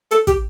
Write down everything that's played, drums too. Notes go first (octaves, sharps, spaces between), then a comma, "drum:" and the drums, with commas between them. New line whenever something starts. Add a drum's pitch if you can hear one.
A4, drum: hi-hat
G4, drum: kick, hi-hat